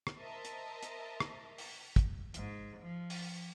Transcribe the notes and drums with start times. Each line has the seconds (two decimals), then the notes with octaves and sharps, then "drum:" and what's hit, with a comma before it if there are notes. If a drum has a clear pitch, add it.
0.07 drum: rim click
0.18 A#4 C5 D#5 E5 A5 A#5
0.45 drum: hi-hat
0.83 drum: hi-hat
1.20 drum: rim click
1.58 drum: open hi-hat
1.96 drum: kick, hi-hat
2.34 G#2, drum: hi-hat
2.79 F3
3.10 drum: open hi-hat